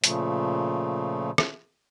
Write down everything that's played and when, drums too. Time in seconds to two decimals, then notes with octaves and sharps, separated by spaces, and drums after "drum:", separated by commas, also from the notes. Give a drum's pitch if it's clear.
0.04 A#2 C#3 F3 A3, drum: hi-hat
1.38 drum: rim click